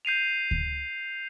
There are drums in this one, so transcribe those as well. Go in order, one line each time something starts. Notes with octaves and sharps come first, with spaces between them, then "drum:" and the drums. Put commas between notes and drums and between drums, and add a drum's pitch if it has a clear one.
G6 C7 D#7 F7
drum: kick D2